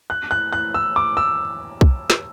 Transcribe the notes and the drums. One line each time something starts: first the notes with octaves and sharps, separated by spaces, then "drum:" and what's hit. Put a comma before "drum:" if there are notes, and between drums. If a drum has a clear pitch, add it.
F#6
F#6
F#6
E6
D6
E6
drum: kick B1
drum: snare